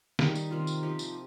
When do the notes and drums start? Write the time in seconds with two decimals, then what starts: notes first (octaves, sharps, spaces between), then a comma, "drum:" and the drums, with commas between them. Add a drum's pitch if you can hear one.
0.19 D#3 G3 D#4, drum: snare
0.35 drum: tambourine
0.51 C3 D#3 A#3 F4
0.67 drum: tambourine
0.83 F3 D#4 G4
0.99 drum: tambourine